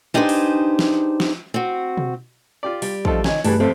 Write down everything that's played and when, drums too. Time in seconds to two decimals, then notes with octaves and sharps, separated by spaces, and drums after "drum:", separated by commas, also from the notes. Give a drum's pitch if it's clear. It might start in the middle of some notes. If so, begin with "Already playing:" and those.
0.14 D4 D#4 G4 G#4 B4 C5
0.29 drum: open hi-hat
0.79 drum: snare
1.20 drum: snare
1.54 C4 F#4
1.97 drum: tom B2
2.63 F4 G4 D5
2.82 G3, drum: open hi-hat
3.05 F3 A3 C4 D#4 F4 A4, drum: kick
3.24 C3 D#3 C#5 G#5, drum: snare
3.44 G2 E3 A3 D4 G4 G#4 A5 B5, drum: open hi-hat
3.60 A1 F2 C4 A4